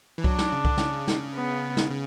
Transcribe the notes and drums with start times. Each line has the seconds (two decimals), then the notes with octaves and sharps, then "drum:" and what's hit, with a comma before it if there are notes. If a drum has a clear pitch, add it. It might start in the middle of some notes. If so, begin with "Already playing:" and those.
0.18 E3
0.24 F#3 D4, drum: kick C2
0.38 drum: snare
0.52 C#3
0.65 D3, drum: kick C2
0.77 C#3, drum: snare
1.08 drum: snare
1.35 B3
1.77 drum: snare
1.91 C#3